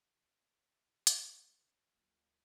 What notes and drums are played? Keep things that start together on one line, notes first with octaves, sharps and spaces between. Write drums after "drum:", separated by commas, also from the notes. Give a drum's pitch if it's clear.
drum: hi-hat
D2 A#2 F#3 A#3